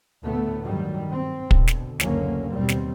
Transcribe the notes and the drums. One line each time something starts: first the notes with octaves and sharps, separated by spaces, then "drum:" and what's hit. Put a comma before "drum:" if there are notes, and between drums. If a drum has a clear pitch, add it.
D2 A2 A3 B3
G2 D#3 F#3 G3
C4
B2 D3, drum: kick
drum: snare
F#1 D2 D3 F#3 A#3 C#4, drum: snare
D#2 B2 G3 C4
drum: snare